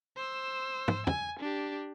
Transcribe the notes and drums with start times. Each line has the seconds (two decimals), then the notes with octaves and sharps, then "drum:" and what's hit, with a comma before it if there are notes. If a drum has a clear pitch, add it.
0.16 C5 E6
0.88 drum: tom
1.07 G#5, drum: tom
1.40 D4 G4